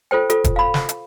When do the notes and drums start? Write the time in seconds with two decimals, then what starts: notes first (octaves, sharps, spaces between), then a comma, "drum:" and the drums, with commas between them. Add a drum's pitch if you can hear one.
0.11 F4 A4 C5 G5
0.30 F4 A4, drum: hi-hat
0.44 drum: kick E1, hi-hat
0.56 F5 B5
0.74 drum: snare
0.89 drum: hi-hat